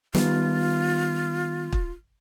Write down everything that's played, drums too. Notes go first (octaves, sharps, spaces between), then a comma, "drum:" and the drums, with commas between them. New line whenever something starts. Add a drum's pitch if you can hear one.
D#3 G3 B3 F4, drum: snare
drum: kick